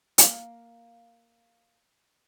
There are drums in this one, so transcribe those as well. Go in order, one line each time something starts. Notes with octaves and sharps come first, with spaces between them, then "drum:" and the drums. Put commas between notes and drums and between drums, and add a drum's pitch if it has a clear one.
A#3 F5, drum: hi-hat